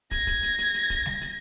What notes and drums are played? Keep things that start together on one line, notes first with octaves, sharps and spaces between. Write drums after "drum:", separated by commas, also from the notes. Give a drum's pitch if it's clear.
G#6 A#6, drum: kick, hi-hat
drum: kick, hi-hat
drum: hi-hat
drum: hi-hat
drum: hi-hat
drum: kick, hi-hat
drum: snare G3
drum: hi-hat